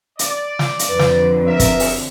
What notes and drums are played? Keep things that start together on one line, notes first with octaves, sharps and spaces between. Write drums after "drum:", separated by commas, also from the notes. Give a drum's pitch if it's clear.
D5, drum: hi-hat
drum: snare
drum: hi-hat
F2 D3 B4
drum: snare
A#4 E5
drum: kick, hi-hat
drum: open hi-hat